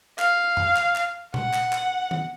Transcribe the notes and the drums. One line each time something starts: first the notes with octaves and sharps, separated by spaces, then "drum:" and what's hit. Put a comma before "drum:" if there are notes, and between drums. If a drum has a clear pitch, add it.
F5, drum: clap
drum: tom F2
drum: clap
drum: clap
F#5, drum: tom A#2
drum: clap
drum: clap
drum: tom D#3